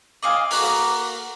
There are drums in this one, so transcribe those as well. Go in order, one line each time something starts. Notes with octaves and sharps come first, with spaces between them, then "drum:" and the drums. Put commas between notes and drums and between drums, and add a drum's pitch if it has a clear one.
D5 D#5 F5 G#5
A#3 F#4, drum: open hi-hat